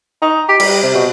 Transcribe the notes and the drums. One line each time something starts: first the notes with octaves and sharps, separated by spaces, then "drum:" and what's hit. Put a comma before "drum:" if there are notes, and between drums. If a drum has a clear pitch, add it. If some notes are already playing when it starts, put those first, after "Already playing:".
D#4
G4
G3, drum: cymbal
C3
B2